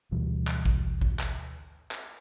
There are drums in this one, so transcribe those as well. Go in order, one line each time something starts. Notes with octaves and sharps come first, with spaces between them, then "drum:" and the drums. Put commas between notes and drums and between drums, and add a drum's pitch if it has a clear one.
D2 B2 E3 G3
drum: clap
drum: kick A1
drum: kick A1
drum: clap
drum: clap